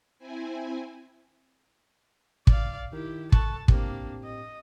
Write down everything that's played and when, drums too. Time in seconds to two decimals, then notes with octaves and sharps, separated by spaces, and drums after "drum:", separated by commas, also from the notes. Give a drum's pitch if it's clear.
0.19 C4 E4 G#5
2.47 D5 F5, drum: kick
2.93 D#3 E4 G4
3.32 A4 A5 C#6 F#6, drum: kick
3.68 A2 A#3 C4 D4 G4, drum: kick
4.25 D#5